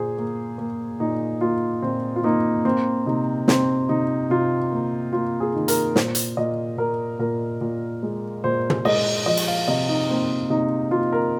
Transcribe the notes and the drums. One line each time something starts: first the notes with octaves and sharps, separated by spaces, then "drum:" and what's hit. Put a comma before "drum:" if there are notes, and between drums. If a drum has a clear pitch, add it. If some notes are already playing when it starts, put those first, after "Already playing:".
Already playing: A#2 A#3 G#4 C5
A#3
A#3
A#2 D#4
A#3 F4
A#2 C4
F4
A#3 D#4
A#3 C4
C3 D#4
C3 C4, drum: snare
C3 D#4
C3 F4
A#3
A#3 F4
G#4
D#3
A#4, drum: hi-hat
A#2 C5, drum: snare
drum: hi-hat
A#2 D#5
A#2 A#4
A#2 A#4
A#2
G#3
A#2 C5
drum: tom
G#3 D#5, drum: cymbal
F3 D#5
drum: cymbal
F5
C3 D#5
D#4
A#3 C4
C3 D#4
A#3 F4
A#4